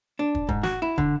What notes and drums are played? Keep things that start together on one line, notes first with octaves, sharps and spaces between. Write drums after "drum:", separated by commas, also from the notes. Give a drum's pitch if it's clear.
D4
drum: kick
G#2, drum: kick
F#4, drum: snare
E4
D3, drum: kick